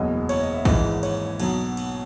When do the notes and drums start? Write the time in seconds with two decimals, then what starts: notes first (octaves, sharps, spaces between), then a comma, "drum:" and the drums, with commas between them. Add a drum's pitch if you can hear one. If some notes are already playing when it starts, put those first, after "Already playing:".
Already playing: F#1 E2 B2 G#3 D#5
0.29 C#5, drum: cymbal
0.41 D#5
0.54 E5
0.65 G#1 G#2 E3 G#3 D#5, drum: kick, cymbal
1.03 C#5, drum: cymbal
1.40 B1 B2 F#3, drum: cymbal
1.77 drum: cymbal